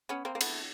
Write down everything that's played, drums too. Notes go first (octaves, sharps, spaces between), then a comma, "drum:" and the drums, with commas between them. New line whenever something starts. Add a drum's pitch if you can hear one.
B3 C#4
A#3 C4
A#3
A3 B3, drum: cymbal